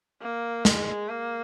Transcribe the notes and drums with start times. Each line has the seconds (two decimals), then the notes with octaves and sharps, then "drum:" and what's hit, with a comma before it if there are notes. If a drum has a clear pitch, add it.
0.22 A#3
0.65 G#3, drum: snare
1.09 A#3